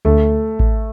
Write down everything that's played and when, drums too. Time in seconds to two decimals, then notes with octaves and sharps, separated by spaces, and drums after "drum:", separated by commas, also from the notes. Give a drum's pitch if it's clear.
0.05 D2 A3
0.59 drum: kick A1